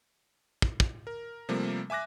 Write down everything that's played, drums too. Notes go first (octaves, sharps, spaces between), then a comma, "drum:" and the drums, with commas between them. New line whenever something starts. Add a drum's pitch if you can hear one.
drum: kick
drum: kick
A#4
C3 F3 G3 A3 A#3
E5 G#5 D6 F#6 A#6